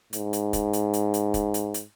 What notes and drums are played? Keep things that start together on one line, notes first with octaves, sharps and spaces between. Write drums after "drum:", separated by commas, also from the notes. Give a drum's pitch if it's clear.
G#2, drum: hi-hat
drum: hi-hat
drum: kick, hi-hat
drum: hi-hat
drum: hi-hat
drum: hi-hat
drum: kick, hi-hat
drum: hi-hat
drum: hi-hat